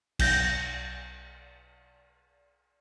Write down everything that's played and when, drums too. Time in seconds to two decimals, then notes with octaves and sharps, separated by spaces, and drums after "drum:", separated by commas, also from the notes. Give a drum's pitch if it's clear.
0.19 B1 G6 A#6, drum: cymbal